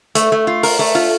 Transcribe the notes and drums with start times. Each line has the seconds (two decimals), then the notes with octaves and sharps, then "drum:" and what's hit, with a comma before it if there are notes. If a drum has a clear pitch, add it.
0.15 A3, drum: hi-hat
0.32 A3
0.47 F4
0.63 A#4, drum: open hi-hat
0.79 A3
0.95 F4